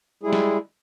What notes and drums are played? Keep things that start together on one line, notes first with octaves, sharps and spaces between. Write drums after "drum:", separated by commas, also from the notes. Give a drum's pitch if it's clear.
G3 G#3 E4 G#4
drum: snare